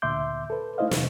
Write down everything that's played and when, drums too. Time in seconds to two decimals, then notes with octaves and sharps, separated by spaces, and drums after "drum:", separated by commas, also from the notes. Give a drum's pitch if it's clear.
0.02 D2 A#2 E5 C6 D6 G6
0.50 A4 B4
0.78 A3 D#4 E4 C5 D#5 F5
0.91 E2 C3, drum: snare